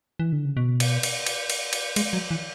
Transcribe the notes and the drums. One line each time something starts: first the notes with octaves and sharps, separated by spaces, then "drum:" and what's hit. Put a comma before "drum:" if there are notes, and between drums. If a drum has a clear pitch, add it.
E3
D3
C#3
B2
drum: cymbal
drum: cymbal
drum: cymbal
drum: cymbal
drum: cymbal
G#3, drum: cymbal
F#3
E3